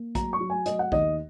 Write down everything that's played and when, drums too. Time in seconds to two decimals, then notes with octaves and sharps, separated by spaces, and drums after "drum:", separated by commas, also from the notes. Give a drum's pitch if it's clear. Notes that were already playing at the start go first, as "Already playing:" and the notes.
Already playing: A#3
0.15 F#3 A#5, drum: kick, hi-hat
0.33 C#6
0.40 F#3
0.50 G#5
0.66 F#3 D#5, drum: hi-hat
0.79 F#5
0.92 D#2 D#5, drum: kick